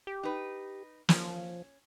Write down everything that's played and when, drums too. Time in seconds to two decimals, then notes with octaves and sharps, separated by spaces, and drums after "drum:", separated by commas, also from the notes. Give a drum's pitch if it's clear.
0.07 G4
0.23 D#4 B4
1.09 F3 C#4, drum: snare